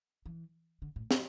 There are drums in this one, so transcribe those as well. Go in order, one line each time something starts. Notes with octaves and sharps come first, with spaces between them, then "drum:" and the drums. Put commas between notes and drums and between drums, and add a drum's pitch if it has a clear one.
E3
D3
A2
drum: snare